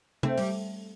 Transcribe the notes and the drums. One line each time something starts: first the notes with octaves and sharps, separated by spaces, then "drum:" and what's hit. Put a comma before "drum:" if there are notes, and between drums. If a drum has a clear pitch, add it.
A3 C4, drum: tom C3
G3, drum: open hi-hat